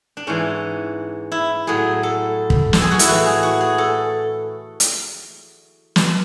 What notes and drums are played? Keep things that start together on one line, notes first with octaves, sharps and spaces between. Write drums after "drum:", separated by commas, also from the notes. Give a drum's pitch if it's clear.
D4
G#2 E3 C#4
E4
A2 F#3 G#4
A4
drum: kick
A4, drum: snare
G#4
F#4
E4, drum: hi-hat
A2 E3 F#4
G#4
F#4
G#4
A4
drum: hi-hat
drum: snare